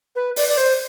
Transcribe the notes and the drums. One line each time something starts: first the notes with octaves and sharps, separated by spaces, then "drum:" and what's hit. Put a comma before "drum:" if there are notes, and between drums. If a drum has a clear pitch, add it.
B4
D5, drum: open hi-hat
D5
C5